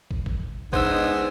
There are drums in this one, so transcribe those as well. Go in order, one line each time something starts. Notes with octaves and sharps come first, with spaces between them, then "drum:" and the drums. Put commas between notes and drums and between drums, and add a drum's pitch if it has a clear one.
drum: kick
drum: kick
G#3 B3 D4 D#4 C5 E6, drum: kick